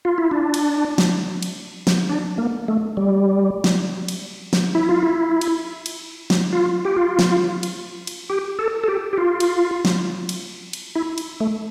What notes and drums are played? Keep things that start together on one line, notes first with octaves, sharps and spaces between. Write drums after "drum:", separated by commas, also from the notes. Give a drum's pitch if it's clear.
F4
E4
D4
drum: cymbal
drum: snare
drum: cymbal
drum: snare
D4
A#3
A3
G3
drum: snare
drum: cymbal
drum: snare
E4
F4
E4
drum: cymbal
drum: cymbal
drum: snare
F4
G4
F4
drum: snare
drum: cymbal
drum: cymbal
G4
A4
A4
G4
G4
F4
drum: cymbal
drum: snare
drum: cymbal
drum: cymbal
E4
drum: cymbal
A3